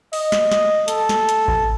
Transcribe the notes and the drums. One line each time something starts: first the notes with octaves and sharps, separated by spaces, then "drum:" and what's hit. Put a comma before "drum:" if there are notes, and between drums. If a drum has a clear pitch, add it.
D#5, drum: open hi-hat
drum: snare
drum: snare
A4, drum: hi-hat
drum: snare
drum: hi-hat
drum: kick A1